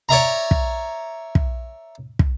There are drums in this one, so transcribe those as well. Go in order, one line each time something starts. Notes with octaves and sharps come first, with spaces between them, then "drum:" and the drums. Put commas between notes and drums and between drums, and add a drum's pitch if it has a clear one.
C#5 D5 E5 A#5
drum: kick
drum: kick
drum: kick